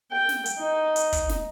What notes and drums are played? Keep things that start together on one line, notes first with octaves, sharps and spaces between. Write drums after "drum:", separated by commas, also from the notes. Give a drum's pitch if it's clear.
G5
drum: snare
drum: hi-hat
D#4
drum: hi-hat
drum: kick, hi-hat
drum: snare